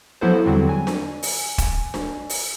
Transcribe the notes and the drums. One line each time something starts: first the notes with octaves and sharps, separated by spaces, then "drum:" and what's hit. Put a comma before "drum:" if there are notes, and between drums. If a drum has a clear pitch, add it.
F3 F#3 B3 E4 A4 C5
E2 D3 F#3 G3 C4
G#5
drum: snare D4
drum: open hi-hat
drum: kick, hi-hat
drum: snare D4
drum: open hi-hat